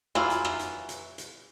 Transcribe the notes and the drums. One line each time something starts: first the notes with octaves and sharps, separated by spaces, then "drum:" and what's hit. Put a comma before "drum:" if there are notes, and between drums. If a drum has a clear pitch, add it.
E3 F#3 F4, drum: rim click
drum: hi-hat
drum: rim click
drum: hi-hat
drum: hi-hat
drum: hi-hat